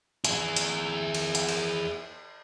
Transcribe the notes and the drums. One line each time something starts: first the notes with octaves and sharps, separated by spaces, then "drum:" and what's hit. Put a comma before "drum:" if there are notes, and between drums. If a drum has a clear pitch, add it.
E4 G#4, drum: hi-hat
drum: hi-hat
drum: cymbal
drum: hi-hat
drum: cymbal